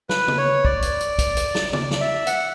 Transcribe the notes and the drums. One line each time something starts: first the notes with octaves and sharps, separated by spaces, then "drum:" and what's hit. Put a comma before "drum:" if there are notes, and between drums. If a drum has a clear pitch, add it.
B4, drum: snare
drum: tom C#3
C#5
D5, drum: kick
drum: hi-hat
drum: hi-hat
drum: kick, hi-hat
drum: hi-hat
drum: snare
D5, drum: tom C#3
drum: snare
E5
F#5, drum: hi-hat